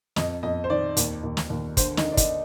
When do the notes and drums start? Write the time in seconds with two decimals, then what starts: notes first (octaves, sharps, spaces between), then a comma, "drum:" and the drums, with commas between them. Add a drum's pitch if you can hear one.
0.16 F2 D#5, drum: snare
0.43 F2 D#5
0.64 C5
0.70 D#3 D5
0.97 D#2, drum: hi-hat
1.24 D#2
1.37 drum: snare
1.50 D#2
1.77 D3 C5, drum: kick, hi-hat
1.97 D#4, drum: snare
2.04 D3
2.12 D4
2.17 D#4, drum: kick, hi-hat